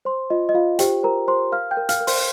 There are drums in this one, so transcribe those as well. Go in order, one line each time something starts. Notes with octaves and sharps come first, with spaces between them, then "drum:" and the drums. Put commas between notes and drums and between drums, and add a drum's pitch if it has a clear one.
C5 C6
F4 D#5
D#5
F4 F5
G4 C5 G5, drum: hi-hat
A#4 C5 A#5
C5 C6
A#4 F5 F6
G5 G6
A#4
F5 F6, drum: hi-hat
A#4
C5 C6, drum: open hi-hat